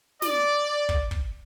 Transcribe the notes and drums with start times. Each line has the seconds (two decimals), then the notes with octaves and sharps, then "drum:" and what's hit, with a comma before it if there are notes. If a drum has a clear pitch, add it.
0.22 D5, drum: snare
0.89 drum: kick
1.11 drum: kick